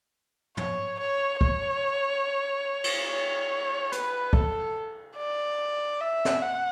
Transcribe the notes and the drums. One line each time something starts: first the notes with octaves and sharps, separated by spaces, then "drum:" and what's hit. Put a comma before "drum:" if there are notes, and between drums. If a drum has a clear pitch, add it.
C#5, drum: tom
C#5
C#5, drum: kick
drum: cymbal
C#5
B4, drum: hi-hat
A4, drum: kick
D5
E5
drum: snare
F#5